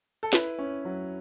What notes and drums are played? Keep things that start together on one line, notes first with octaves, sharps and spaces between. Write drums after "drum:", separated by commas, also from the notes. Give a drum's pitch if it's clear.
A4
E4 B4, drum: snare
C#4
F#3